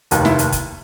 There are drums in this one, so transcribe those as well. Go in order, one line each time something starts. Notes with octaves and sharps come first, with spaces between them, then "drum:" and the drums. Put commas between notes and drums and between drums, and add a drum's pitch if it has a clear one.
F1 D#2 D#3, drum: hi-hat
E4, drum: snare
drum: hi-hat
drum: kick, hi-hat